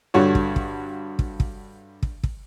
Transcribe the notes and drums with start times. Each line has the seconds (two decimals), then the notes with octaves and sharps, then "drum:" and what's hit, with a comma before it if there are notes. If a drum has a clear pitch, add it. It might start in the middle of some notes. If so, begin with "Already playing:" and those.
0.14 G2 D3 F#4 C#5
0.35 drum: kick
0.56 drum: kick
1.19 drum: kick
1.40 drum: kick
2.03 drum: kick
2.23 drum: kick